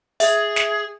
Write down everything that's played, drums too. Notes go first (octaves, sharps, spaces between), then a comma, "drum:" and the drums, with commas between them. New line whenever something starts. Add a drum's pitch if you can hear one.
G#4 E5, drum: hi-hat
drum: snare